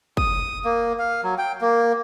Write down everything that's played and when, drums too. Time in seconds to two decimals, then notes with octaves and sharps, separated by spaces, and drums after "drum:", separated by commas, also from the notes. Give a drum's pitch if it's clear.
0.17 D#6, drum: kick
0.65 A#3
0.99 F5
1.23 F#3
1.38 G5
1.61 A#3